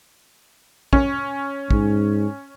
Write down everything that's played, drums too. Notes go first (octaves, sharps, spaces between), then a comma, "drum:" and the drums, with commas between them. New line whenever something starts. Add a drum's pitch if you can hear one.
C#4, drum: kick
G#2, drum: kick